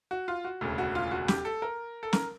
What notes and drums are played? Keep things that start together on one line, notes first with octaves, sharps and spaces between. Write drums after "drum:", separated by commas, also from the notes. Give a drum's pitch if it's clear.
F#4
F4
F#4
E1 D2 C#3
F#4
F4
F#4
G4, drum: snare
A4
A#4
A4
A#4, drum: snare